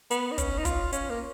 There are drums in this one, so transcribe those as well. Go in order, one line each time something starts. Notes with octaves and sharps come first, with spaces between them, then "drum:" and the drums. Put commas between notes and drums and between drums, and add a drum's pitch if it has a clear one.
B3, drum: hi-hat
D#4
C#4, drum: kick, hi-hat
D#4
F4, drum: kick, hi-hat
C#4, drum: hi-hat
A#3